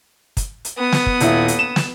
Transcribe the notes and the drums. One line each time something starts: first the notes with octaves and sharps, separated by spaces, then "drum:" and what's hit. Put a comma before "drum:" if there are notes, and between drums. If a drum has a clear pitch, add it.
drum: kick, hi-hat
drum: hi-hat
B3 D#6
drum: snare
drum: kick
D#1 E4, drum: hi-hat
drum: hi-hat
E7
drum: snare